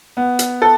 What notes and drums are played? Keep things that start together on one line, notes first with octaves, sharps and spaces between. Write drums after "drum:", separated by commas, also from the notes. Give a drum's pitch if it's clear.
B3
drum: hi-hat
A4